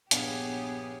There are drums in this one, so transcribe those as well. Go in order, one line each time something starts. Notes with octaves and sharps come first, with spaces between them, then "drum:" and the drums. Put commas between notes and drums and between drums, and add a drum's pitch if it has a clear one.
A#1 G2 B3 G4 G#4 C#5 F5, drum: hi-hat